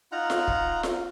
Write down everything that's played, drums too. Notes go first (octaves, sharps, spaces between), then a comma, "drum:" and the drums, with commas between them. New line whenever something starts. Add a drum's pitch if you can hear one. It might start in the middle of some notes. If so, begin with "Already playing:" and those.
D#4 F4 F#5 A#5
drum: snare F4
drum: kick
drum: snare F4